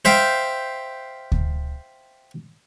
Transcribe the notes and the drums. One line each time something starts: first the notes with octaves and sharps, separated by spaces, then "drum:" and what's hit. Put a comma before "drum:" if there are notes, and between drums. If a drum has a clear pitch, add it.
C5 E5 F5 G5
drum: kick D2